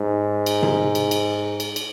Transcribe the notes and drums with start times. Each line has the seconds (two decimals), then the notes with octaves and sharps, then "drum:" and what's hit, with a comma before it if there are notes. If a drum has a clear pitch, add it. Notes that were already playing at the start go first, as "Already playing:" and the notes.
Already playing: G#2
0.46 drum: cymbal
0.63 drum: tom C3
0.95 drum: cymbal
1.11 drum: cymbal
1.60 drum: cymbal
1.76 drum: cymbal